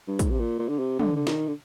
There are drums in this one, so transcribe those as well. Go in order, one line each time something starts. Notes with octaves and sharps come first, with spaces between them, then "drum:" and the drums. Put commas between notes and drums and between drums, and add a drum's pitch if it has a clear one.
G2
G#2, drum: kick, hi-hat
C3
A#2
A#2
D3
C3
D3, drum: tom
D3
D#3, drum: snare
D3